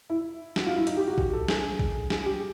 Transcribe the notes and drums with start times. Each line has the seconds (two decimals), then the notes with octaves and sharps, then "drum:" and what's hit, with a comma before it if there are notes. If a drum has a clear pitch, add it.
0.10 E4
0.56 F#4, drum: snare
0.66 F4
0.76 E4
0.87 D#4, drum: hi-hat
0.97 G4
1.07 F#4
1.18 G4, drum: kick A#1
1.33 A4
1.48 G#4, drum: snare
1.79 drum: kick A#1
2.10 G#4, drum: snare
2.26 G4